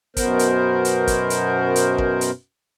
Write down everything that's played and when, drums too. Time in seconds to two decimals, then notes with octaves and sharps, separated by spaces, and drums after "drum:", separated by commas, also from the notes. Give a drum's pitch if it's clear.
0.17 F#2 B2 B3 A#4 C5, drum: kick, hi-hat
0.39 drum: hi-hat
0.85 drum: hi-hat
1.07 drum: kick, hi-hat
1.30 drum: hi-hat
1.76 drum: hi-hat
1.98 drum: kick
2.21 drum: hi-hat